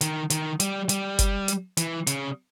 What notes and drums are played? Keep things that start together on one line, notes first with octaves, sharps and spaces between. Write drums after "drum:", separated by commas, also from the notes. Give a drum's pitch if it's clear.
D#3, drum: hi-hat
D#3, drum: hi-hat
G3, drum: hi-hat
G3, drum: hi-hat
drum: kick F#1, hi-hat
drum: hi-hat
E3, drum: hi-hat
C#3, drum: hi-hat